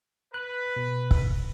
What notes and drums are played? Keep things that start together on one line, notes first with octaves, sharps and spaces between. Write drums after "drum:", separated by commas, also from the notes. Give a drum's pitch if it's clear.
B4 F#6
B2
drum: kick